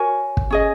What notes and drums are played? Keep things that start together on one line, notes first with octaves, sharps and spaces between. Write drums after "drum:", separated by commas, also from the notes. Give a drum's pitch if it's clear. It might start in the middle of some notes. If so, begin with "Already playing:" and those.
Already playing: F#4 A#4 C#5 G#5
drum: kick
C#4 G#4 D#5